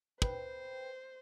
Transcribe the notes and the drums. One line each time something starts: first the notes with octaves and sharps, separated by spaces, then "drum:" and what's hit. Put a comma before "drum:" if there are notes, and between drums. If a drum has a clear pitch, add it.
B4 C5 G5, drum: kick